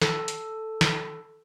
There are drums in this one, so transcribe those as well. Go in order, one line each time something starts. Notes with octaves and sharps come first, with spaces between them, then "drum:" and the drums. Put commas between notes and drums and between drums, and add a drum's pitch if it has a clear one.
A4, drum: snare
drum: hi-hat
drum: snare